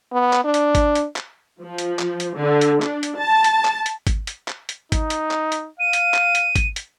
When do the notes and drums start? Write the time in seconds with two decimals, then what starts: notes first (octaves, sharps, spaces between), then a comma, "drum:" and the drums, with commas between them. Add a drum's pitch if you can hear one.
0.13 B3
0.33 drum: clap
0.45 D4
0.54 drum: hi-hat
0.75 drum: kick G#1, hi-hat
0.95 drum: hi-hat
1.16 drum: clap
1.63 F3
1.78 drum: hi-hat
1.99 drum: clap
2.20 drum: hi-hat
2.37 D3
2.61 drum: hi-hat
2.82 D4, drum: clap
3.03 drum: hi-hat
3.17 A5
3.44 drum: hi-hat
3.65 drum: clap
3.86 drum: hi-hat
4.07 drum: kick G#1, hi-hat
4.27 drum: hi-hat
4.48 drum: clap
4.69 drum: hi-hat
4.92 D#4, drum: kick G#1, hi-hat
5.10 drum: hi-hat
5.31 drum: clap
5.52 drum: hi-hat
5.80 F5 D#7
5.93 drum: hi-hat
6.14 drum: clap
6.35 drum: hi-hat
6.56 drum: kick G#1, hi-hat
6.76 drum: hi-hat